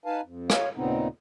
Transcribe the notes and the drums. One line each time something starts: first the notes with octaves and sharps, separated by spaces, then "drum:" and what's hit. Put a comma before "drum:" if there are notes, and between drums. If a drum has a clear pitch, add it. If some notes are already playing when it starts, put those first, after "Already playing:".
D#4 B4 F5 G#5 A5
F2
C#5 F5, drum: rim click
D#2 A#2 C#3 B3 C4 D#4